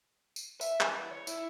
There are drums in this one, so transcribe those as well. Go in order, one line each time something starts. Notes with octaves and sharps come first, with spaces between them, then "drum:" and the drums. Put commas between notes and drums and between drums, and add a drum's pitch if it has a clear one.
drum: tambourine
E5, drum: tambourine
E3, drum: clap
C#5
E4, drum: tambourine